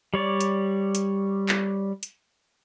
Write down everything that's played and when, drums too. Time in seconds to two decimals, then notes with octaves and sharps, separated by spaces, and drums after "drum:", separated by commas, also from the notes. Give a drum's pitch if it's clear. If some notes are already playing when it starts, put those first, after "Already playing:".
0.14 G3 C#5 D5
0.41 drum: hi-hat
0.95 drum: hi-hat
1.49 drum: clap
2.03 drum: hi-hat